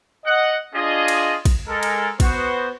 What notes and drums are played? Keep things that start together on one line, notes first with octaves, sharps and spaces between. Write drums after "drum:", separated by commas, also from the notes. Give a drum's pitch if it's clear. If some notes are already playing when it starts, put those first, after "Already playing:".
D#5 F#5
D4 F4 G#4 D#5
drum: cymbal
drum: kick, cymbal
G#3 A4 A#4
drum: cymbal
B3 F#4 C5, drum: kick, cymbal